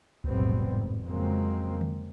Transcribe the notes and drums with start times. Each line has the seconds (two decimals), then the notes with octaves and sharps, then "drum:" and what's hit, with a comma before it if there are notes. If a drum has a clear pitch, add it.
0.24 F1 B1 A2 G3 B3 C4, drum: kick C#2
0.69 G#1
1.04 F2 C#3 F#3 G#3 A#3 C4
1.81 drum: tom D3